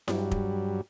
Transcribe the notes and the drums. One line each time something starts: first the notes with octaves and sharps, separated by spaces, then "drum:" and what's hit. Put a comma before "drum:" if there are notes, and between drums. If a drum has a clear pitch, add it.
G2 F#3 G3, drum: snare E4
drum: kick